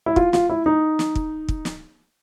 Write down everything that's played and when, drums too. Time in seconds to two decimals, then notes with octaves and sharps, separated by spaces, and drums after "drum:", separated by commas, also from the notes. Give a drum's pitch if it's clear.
0.06 E4
0.16 F4, drum: kick
0.33 F4, drum: snare
0.50 E4
0.66 D#4
0.99 drum: snare
1.15 drum: kick
1.49 drum: kick
1.65 drum: snare